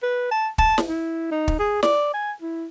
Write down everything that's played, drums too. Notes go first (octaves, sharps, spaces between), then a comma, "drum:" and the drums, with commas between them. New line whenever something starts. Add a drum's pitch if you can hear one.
B4
A5
A5, drum: kick
drum: snare
E4
D#4
drum: kick
G#4
D5, drum: snare
G#5
E4